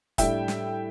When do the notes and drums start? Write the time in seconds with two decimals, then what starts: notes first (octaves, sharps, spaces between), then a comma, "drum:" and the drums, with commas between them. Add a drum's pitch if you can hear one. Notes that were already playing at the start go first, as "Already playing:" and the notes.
0.18 A2 G3 D4 E5 G5, drum: kick, hi-hat
0.48 drum: snare